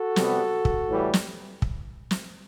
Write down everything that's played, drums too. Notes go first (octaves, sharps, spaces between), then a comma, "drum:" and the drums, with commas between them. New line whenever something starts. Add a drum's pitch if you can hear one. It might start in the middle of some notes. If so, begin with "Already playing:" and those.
Already playing: F#4 A4
C3 G3 B3, drum: snare
drum: kick
A2 E3 G3
drum: snare
drum: kick
drum: snare